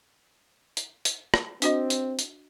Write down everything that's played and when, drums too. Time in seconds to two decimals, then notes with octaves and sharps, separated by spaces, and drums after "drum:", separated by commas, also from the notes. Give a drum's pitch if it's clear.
0.77 drum: hi-hat
1.05 drum: hi-hat
1.34 drum: rim click
1.62 C4 D4 F#4 D#5, drum: hi-hat
1.90 drum: hi-hat
2.19 drum: hi-hat